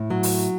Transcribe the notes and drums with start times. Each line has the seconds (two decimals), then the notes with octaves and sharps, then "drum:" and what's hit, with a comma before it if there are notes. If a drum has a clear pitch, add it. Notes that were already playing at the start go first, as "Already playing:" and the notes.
Already playing: A2
0.10 F#3
0.23 drum: open hi-hat